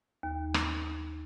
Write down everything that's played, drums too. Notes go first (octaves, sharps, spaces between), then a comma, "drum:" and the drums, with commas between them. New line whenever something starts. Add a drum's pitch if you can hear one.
D#2
drum: rim click